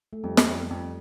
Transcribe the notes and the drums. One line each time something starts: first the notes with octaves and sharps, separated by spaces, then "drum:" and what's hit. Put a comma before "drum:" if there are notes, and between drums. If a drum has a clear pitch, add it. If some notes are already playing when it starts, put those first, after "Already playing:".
A3
F2 G3
drum: snare
F2
F2